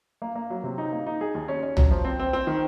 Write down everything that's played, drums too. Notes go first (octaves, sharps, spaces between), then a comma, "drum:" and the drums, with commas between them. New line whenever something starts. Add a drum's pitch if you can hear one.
A#3
A#3
F#3
C3
D#4
A#3
D#4
G#4
D#2
C#4
C#4
F#3, drum: tom A#1
F3
C4
C4
C4
D#3